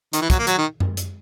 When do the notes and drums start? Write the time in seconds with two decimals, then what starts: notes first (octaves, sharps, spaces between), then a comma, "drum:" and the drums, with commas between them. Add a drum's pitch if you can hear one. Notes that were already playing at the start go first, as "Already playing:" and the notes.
0.13 D#3, drum: hi-hat
0.21 E3
0.30 F#3, drum: kick, hi-hat
0.39 A#3
0.47 F#3, drum: hi-hat
0.58 D#3
0.80 drum: tom F#2
0.97 drum: hi-hat